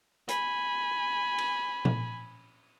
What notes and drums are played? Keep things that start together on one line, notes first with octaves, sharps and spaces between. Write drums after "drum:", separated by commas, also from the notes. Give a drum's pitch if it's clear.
G#5 B5, drum: hi-hat
drum: cymbal
drum: tom A#2